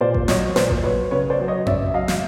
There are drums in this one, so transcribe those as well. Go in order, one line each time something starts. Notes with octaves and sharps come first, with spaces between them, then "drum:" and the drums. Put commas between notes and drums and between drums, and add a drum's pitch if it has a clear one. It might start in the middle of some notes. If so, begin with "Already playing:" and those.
A#2 C5 D5
drum: kick A1
F#3 C#5 D#5, drum: snare
A#2 C5 D5, drum: snare
drum: kick A1
F#3 B4 C#5
C#3 B4 C#5
C5 D5
F#3
C#5 D#5
C#3 D5 E5, drum: tom F2
E5
F#3 D#5 F5
drum: snare